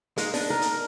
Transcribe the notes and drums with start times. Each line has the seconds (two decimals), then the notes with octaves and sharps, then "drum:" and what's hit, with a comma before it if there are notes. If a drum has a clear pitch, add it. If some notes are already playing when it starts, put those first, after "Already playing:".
0.18 G#3 A#3 D#4, drum: hi-hat
0.34 D4 D#4, drum: open hi-hat
0.50 A#4
0.62 drum: hi-hat